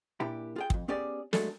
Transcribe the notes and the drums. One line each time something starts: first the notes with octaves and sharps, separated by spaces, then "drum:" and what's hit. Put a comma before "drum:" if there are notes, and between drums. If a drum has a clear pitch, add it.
A#2 D4 E4 G4 B5
F4 G#4 G5
C2 F2, drum: kick
B3 C#4 G4 G#4 D5
F#3 G#3 A3 D4 A4, drum: snare